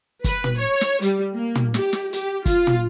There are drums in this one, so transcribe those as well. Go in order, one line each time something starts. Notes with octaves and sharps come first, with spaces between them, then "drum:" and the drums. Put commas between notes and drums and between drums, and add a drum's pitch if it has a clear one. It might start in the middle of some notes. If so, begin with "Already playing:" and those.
B4, drum: kick, hi-hat
drum: tom
C#5
drum: snare
G3, drum: hi-hat
A#3
drum: tom
G4, drum: snare
drum: snare
G4, drum: hi-hat
F4, drum: kick, hi-hat
drum: tom